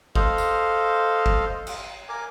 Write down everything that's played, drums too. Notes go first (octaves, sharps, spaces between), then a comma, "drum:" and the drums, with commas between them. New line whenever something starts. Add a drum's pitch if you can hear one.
A4 C5 D#5 F5, drum: kick
drum: tambourine
drum: kick
drum: cymbal
A#4 G#5 D6